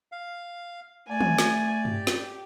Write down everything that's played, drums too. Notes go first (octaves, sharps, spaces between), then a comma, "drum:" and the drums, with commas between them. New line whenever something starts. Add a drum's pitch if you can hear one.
F5
A3 D5 G#5
drum: tom
drum: snare
G4, drum: tom G2
drum: snare